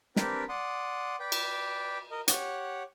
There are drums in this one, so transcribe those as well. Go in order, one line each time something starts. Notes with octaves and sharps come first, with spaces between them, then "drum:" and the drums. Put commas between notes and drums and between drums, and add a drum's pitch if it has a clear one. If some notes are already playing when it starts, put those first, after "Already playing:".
C4 D4 G4 A#4 B4, drum: snare
D5 F#5 C6 D#6
B4 D5 G5
drum: cymbal
A#4 D#5
G4 C#5 F#5, drum: hi-hat